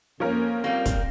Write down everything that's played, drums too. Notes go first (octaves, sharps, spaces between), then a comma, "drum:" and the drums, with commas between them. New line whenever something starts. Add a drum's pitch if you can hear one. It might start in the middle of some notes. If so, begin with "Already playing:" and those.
F2 F3 A#3 C#4 A#4
G3 A#3 C4
drum: kick, hi-hat